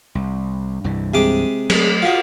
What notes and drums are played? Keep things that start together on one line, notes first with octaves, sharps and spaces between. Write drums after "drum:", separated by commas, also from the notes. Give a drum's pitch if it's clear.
C2
C2 G2 E3
C3 G#3 D6
F#3 A3, drum: cymbal
F4 F#4